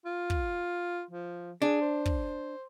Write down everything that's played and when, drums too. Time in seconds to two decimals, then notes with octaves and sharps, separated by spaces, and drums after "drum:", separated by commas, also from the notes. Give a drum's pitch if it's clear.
0.05 F4
0.30 drum: kick
1.10 F3
1.62 D4 G#4
1.81 C5
2.06 drum: kick